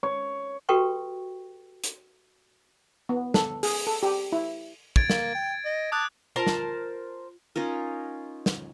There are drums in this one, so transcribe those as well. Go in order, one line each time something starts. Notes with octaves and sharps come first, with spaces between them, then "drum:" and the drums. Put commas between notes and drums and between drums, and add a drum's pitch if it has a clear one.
C#5
F#4 G4 A4 B4 G5 C#6
drum: hi-hat
B3
A4, drum: snare
G#4, drum: open hi-hat
A4
G4
E4
G#6 A6 D7, drum: kick
A#3, drum: snare
G5
D#5
A5 D6 D#6 F#6
F4 A#4 C5 A5
drum: snare
C#4 D#4 F4 A#4
drum: snare